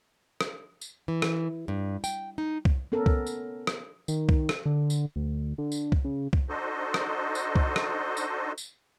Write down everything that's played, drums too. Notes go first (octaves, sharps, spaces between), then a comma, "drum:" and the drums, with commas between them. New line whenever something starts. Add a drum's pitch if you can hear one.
drum: rim click
drum: tambourine
E3
drum: rim click
G2
G5, drum: tambourine
D#4
drum: kick
B3 C#4 A4 A#4
drum: kick
drum: tambourine
drum: rim click
D#3, drum: tambourine
drum: kick
drum: rim click
D3
drum: tambourine
D2
D3
drum: tambourine
drum: kick
C#3
drum: kick
D4 D#4 F#4 A4 C5 D#5
drum: rim click
drum: tambourine
drum: kick
drum: rim click
drum: tambourine
drum: tambourine